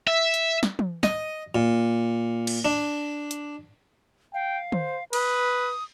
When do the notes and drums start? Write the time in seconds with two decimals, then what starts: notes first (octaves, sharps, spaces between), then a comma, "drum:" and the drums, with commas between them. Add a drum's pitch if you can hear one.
0.07 E5
0.34 drum: hi-hat
0.63 drum: snare
0.79 drum: tom
1.03 D#5, drum: snare
1.55 A#2
2.47 drum: cymbal
2.65 D4
3.31 drum: hi-hat
4.34 F5 G5
4.72 C5, drum: tom
5.13 B4 D#6, drum: cymbal